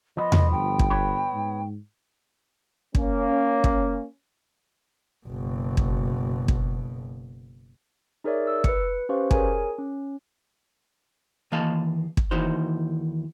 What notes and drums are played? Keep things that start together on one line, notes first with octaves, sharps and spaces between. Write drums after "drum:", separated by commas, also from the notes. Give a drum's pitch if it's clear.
F3 B3 D#5
drum: tom E2
G1 G5
drum: kick
B3 B4 C#5
G#2
A#3 C#4, drum: kick
drum: kick
F#1 B2
drum: kick
drum: kick
D#4 G#4 A#4 C#5 D5 E5
E6
B4 C#7, drum: kick
C#4 G4 B4 C5 F5 C#6
G#4 A#4 C#5 G#5, drum: kick
C#4
D#2 E3 A#3 D#5 F5 A5
drum: kick
D#2 E3 D#4 F#4 C5